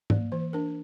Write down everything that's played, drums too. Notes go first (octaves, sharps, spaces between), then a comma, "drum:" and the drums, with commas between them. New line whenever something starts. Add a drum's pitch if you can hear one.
A#3 D5, drum: tom G#2
E3 C5
D4 A#4